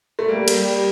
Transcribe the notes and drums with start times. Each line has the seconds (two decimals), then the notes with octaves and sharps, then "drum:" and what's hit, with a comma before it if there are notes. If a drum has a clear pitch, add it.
0.19 A3
0.28 G3 A#3
0.48 drum: cymbal
0.57 G3